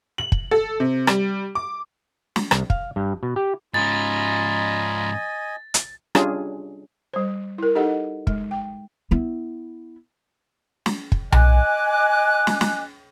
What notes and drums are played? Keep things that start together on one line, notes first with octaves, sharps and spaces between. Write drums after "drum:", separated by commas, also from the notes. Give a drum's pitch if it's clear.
F#7
drum: kick
A4
C3
G3, drum: rim click
D6
drum: snare
C2, drum: rim click
F5, drum: kick
G2
B2
G4
G#2 C#4 F4 D#5 G#5 A#5 B5 A6
drum: hi-hat
G3 C#4 D4 F4 G#4, drum: rim click
G3 C5
E4 A#4
D#4 G4 A4 D#5 F#5
G#3, drum: kick
G5
B3 E4
drum: snare
drum: kick
D#5 G#5 D6 F#6, drum: tom B1
drum: snare
drum: snare